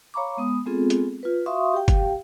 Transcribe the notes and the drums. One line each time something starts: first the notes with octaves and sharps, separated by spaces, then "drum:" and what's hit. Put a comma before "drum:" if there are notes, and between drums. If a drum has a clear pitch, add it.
C#5 F5 A#5 B5 C#6 D6
G#3 B3 D#6
G#3 B3 C4 F4 G#4 A4
drum: hi-hat
F4 B4
F#4 E5 F5 C6 C#6 D#6
G4 F5 G5
drum: kick, hi-hat